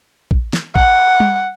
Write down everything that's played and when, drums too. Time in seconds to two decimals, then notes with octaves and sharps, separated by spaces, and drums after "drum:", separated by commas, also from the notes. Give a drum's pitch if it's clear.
0.31 drum: kick
0.53 drum: snare
0.76 F#5, drum: kick
1.20 drum: tom G3